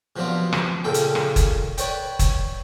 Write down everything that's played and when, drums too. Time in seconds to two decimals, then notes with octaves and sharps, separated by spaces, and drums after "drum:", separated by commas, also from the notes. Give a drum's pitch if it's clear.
0.16 C3 F3 F#3 B3 D4 F4
0.53 drum: rim click
0.84 A#2 C#3 A4 G5
0.94 drum: hi-hat
1.15 drum: rim click
1.36 drum: kick, hi-hat
1.78 B4 C#5 D5 G5, drum: hi-hat
2.19 drum: kick, hi-hat